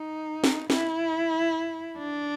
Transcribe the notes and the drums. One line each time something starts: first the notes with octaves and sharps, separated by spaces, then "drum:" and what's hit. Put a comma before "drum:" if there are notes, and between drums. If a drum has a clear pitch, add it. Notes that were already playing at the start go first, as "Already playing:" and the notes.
Already playing: D#4
drum: snare
E4, drum: snare
D4